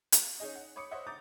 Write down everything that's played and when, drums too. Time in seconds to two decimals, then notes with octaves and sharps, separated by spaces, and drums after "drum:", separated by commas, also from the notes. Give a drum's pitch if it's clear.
0.12 drum: hi-hat
0.40 C#4 D#4 G#4 D#5
0.55 F#5
0.76 C#5 B5 D6 D#6 C#7
0.91 C5 C#5 D#5 E5 F#5
1.07 A#5 D6 D#6 G6 A6